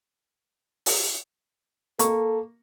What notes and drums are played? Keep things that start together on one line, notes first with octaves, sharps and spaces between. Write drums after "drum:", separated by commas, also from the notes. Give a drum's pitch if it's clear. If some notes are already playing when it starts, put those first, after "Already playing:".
drum: open hi-hat
A#3 A4 C#6, drum: hi-hat